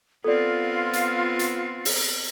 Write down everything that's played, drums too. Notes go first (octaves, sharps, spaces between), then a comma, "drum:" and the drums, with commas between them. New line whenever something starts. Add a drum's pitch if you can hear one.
B3 C4 F4 A4 D5
drum: hi-hat
drum: hi-hat
drum: open hi-hat